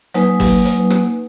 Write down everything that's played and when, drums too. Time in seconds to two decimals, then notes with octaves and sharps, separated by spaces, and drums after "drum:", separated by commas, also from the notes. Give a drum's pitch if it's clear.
0.14 F#3 A#3 D#4 B4 G#5, drum: hi-hat
0.40 drum: kick, open hi-hat
0.65 drum: hi-hat
0.90 drum: rim click